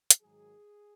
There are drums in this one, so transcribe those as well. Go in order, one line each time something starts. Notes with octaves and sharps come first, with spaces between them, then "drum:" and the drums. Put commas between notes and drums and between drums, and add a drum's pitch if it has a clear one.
drum: hi-hat
G#2 D#3 F#3 G#4